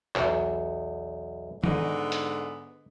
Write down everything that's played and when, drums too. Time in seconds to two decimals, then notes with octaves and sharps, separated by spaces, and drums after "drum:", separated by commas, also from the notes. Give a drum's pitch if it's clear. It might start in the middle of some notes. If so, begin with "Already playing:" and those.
0.16 B1 E2, drum: clap
1.64 G#2 D3 B3 D#5, drum: tom
2.12 drum: hi-hat